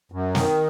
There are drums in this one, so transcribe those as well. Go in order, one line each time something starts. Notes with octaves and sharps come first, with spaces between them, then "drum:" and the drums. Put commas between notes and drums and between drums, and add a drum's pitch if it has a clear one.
F#2
D#3, drum: snare